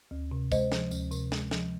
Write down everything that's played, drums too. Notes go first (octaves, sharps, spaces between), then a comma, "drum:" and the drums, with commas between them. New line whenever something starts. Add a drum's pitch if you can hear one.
D2
C3
G#3 C5 D#5, drum: kick, tambourine
F3, drum: snare
D2, drum: tambourine
C3, drum: tambourine
G#3, drum: snare
F3, drum: snare